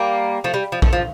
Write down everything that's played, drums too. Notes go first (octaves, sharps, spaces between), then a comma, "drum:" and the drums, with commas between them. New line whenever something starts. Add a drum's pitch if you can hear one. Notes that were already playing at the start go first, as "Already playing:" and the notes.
Already playing: G3 A#3
F3 A3
G3
F3
F3 A3, drum: kick A#1
F3